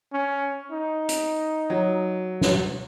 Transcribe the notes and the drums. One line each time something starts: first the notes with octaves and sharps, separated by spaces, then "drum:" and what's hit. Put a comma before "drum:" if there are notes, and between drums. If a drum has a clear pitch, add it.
C#4
D#4
drum: hi-hat
F#3
drum: snare